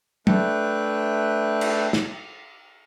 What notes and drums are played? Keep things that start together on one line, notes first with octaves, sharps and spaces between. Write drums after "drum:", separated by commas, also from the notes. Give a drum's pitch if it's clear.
A3 D4 B4 E5 G5 F#6, drum: tom
drum: cymbal
drum: snare